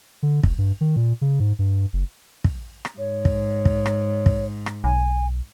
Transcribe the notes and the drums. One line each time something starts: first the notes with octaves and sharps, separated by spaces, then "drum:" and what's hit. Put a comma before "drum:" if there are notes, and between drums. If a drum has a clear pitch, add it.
D3
F1, drum: kick
G2
D#3
A#2
C#3
G#2
G2
F#1
drum: kick
drum: rim click
G#2 C#5
drum: kick
drum: kick
drum: rim click
drum: kick
drum: rim click
B1 G#5